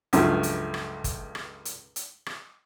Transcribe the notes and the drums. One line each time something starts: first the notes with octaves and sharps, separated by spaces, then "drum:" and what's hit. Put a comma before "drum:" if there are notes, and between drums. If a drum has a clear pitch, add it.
C#2 G2 F3 F#3 A3, drum: hi-hat
drum: hi-hat
drum: rim click
drum: kick G1, hi-hat
drum: rim click
drum: hi-hat
drum: hi-hat
drum: rim click